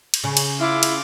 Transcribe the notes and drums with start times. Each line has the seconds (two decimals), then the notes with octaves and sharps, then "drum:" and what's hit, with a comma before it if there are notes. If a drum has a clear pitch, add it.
0.14 drum: cymbal
0.24 C#3
0.37 drum: cymbal
0.60 E4 F4 D6
0.83 drum: cymbal